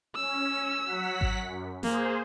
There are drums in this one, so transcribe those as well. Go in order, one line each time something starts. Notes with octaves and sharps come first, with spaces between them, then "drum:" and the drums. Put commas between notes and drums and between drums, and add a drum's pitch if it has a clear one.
C#4 E6
F#3 F#5 B6
drum: kick G#1
F#2
A#3 G#4 C5, drum: snare